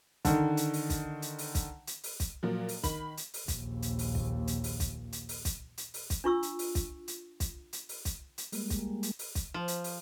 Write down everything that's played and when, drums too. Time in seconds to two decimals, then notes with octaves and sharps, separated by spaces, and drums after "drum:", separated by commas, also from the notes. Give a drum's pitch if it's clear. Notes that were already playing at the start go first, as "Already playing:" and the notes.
0.25 D3 D#3, drum: kick, hi-hat
0.57 drum: hi-hat
0.73 drum: open hi-hat
0.90 drum: kick, hi-hat
1.22 drum: hi-hat
1.38 drum: open hi-hat
1.55 drum: kick, hi-hat
1.87 drum: hi-hat
2.04 drum: open hi-hat
2.20 drum: kick, hi-hat
2.43 A#2 F3 F#3
2.69 drum: open hi-hat
2.83 D#3 B5, drum: kick, hi-hat
3.17 drum: hi-hat
3.34 drum: open hi-hat
3.48 A#1 D#2, drum: kick, hi-hat
3.82 drum: hi-hat
3.99 drum: open hi-hat
4.15 drum: kick
4.47 drum: hi-hat
4.64 drum: open hi-hat
4.80 drum: kick, hi-hat
5.12 drum: hi-hat
5.29 drum: open hi-hat
5.45 drum: kick, hi-hat
5.78 drum: hi-hat
5.94 drum: open hi-hat
6.10 drum: kick, hi-hat
6.24 D4 F4 C#6 E6
6.43 drum: hi-hat
6.59 drum: open hi-hat
6.75 drum: kick, hi-hat
7.08 drum: hi-hat
7.40 drum: kick, hi-hat
7.73 drum: hi-hat
7.89 drum: open hi-hat
8.05 drum: kick, hi-hat
8.38 drum: hi-hat
8.52 G3 G#3 A#3, drum: open hi-hat
8.70 drum: kick, hi-hat
9.03 drum: hi-hat
9.19 drum: open hi-hat
9.35 drum: kick, hi-hat
9.54 F3
9.68 drum: hi-hat
9.84 drum: open hi-hat